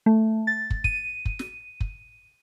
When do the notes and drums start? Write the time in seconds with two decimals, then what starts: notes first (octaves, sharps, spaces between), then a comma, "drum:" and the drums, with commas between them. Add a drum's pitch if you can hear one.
0.06 A3
0.47 A6
0.70 drum: kick
0.84 D#7, drum: kick
1.25 drum: kick
1.39 drum: snare
1.80 drum: kick